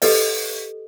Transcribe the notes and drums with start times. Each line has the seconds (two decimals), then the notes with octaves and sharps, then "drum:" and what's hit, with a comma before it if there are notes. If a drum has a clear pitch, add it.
0.02 G4 A4 B4 D#5, drum: open hi-hat